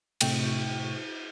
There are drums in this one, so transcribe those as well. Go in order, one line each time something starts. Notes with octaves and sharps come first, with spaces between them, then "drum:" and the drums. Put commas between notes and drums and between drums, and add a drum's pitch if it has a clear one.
A2 C3 A3 G5 C#6, drum: cymbal